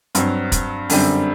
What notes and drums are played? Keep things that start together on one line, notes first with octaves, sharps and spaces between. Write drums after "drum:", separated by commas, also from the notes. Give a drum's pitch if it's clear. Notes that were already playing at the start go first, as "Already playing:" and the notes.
G2 F#3 C4, drum: hi-hat
drum: kick, hi-hat
F#2 D3 G3 C4, drum: open hi-hat